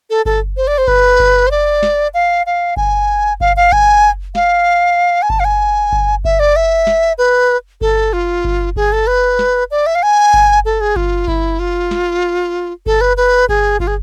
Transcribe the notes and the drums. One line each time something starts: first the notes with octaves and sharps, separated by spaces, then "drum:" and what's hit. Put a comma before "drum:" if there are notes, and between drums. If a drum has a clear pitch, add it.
A4
A4, drum: kick G1
C5
D5
C5
B4, drum: kick G1
drum: kick G1
C5
D5
drum: snare
F5
F5
G#5, drum: kick G1
F5, drum: kick G1
F5
G#5, drum: kick G1
F5, drum: snare
G#5
A5, drum: kick G1
F5
G#5
drum: kick G1
E5, drum: kick G1
D5
E5
drum: snare
B4
A4, drum: kick G1
F4
drum: kick G1
G#4, drum: kick G1
A4
B4
drum: snare
D5
E5
F5
G#5
drum: kick G1
A4
G#4
F4, drum: kick G1
E4, drum: kick G1
F4
drum: snare
A4, drum: kick G1
B4
B4
G#4, drum: kick G1
F4, drum: kick G1
G#4